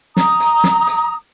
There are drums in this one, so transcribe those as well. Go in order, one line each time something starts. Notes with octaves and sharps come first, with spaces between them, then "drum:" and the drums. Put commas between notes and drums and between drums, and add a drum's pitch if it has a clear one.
A#5 D#6, drum: snare
drum: hi-hat
drum: snare
drum: hi-hat